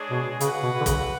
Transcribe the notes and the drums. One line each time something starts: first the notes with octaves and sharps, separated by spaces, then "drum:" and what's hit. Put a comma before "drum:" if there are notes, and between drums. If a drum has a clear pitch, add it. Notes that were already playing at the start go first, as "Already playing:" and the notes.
Already playing: G#3 D4 G#4 C#5
B2
C#3 F#4 B4 F#5, drum: hi-hat
B2
D3
C#3, drum: kick, hi-hat